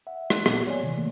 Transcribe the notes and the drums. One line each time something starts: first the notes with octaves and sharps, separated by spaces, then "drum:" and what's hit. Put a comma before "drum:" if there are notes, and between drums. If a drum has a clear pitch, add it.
E5 F#5
C6 F#6, drum: rim click
A#2 F#3 A#3 B3 G4 A4, drum: rim click
C#5 D5 G#5
C3 D#3 E3
A3 A#3